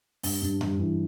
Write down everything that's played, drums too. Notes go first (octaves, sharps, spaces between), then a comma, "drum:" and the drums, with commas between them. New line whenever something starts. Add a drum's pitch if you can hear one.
G2, drum: open hi-hat
G2
G3, drum: tom F#2
E3